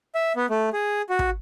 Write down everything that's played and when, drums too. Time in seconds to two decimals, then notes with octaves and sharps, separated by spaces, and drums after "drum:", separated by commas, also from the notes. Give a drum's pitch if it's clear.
0.15 E5
0.36 B3
0.50 A3
0.73 G#4
1.10 F#4
1.19 drum: kick